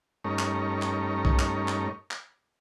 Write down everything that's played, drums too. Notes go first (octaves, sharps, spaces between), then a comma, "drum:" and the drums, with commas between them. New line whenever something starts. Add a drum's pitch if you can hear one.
G2 A3 C#4 D#4 A#4 C#5
drum: clap
drum: clap
drum: kick B1
drum: clap
drum: clap
drum: clap